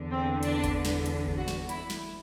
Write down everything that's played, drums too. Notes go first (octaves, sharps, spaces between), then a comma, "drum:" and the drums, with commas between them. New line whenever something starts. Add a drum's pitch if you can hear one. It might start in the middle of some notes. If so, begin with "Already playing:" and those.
Already playing: E2 D3
C4
D4, drum: hi-hat
drum: kick G1, hi-hat
drum: snare
drum: hi-hat
drum: kick G1
F#4
drum: snare
E4, drum: hi-hat
drum: snare